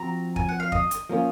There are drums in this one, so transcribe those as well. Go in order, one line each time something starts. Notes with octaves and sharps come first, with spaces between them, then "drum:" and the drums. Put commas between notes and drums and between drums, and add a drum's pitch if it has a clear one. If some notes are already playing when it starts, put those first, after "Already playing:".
Already playing: F3 C4 F#4 A#5
G#5, drum: kick
F#5
F5
D#5, drum: kick
drum: hi-hat
F3 A#3 C#4 F4